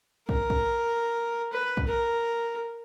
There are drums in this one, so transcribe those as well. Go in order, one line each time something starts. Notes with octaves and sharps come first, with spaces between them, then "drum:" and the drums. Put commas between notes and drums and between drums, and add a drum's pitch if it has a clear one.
A#4, drum: kick
drum: kick
B4
drum: kick
A#4